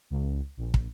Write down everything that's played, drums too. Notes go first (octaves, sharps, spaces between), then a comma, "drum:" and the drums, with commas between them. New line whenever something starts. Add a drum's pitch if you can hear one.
C#2
A#1
drum: kick